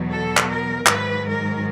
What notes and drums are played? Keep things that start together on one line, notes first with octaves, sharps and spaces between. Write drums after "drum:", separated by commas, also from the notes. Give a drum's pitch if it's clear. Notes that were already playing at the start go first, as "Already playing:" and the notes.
Already playing: E2 B2 F#3
A4
drum: clap
A#4
G#2 D#3 F#3 B4, drum: clap
A#4